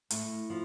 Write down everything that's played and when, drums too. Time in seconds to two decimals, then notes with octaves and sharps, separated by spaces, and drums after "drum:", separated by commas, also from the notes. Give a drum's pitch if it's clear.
0.10 A2, drum: hi-hat
0.50 F3